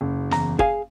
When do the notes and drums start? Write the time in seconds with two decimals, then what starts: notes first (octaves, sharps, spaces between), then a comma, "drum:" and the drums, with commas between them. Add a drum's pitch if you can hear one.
0.01 F#1
0.31 E2 A#5, drum: snare
0.59 G#4 F5 G#5, drum: kick